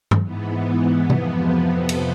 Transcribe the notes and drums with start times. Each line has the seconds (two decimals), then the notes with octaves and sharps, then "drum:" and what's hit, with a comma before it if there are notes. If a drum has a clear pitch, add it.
0.11 drum: tom G2
0.23 G#2 E3 B3
1.10 F2 C3 F3 B3, drum: tom C3
1.89 drum: cymbal